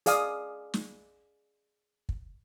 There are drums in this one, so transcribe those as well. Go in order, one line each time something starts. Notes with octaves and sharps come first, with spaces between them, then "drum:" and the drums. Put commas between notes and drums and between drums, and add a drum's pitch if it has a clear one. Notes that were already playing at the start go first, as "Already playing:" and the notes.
G#4 D5 F5 G#5 D#6, drum: hi-hat
drum: snare
drum: kick